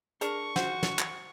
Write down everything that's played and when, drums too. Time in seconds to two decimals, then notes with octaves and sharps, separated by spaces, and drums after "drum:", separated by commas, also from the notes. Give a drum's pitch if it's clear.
0.21 D4 G#4 A#4 C#6, drum: hi-hat
0.56 F#4 C5 F#5, drum: snare
0.83 drum: snare
0.99 drum: clap